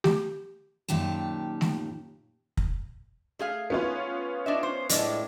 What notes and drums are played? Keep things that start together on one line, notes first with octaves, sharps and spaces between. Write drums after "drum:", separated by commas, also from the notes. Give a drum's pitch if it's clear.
G4, drum: snare A3
F#2 A#2 D#3 G4 A5
drum: snare A3
drum: kick
A3 G#4 F5
B3 C#4 F4
D4 D#4 E5
C5
A2 G#3 D4, drum: hi-hat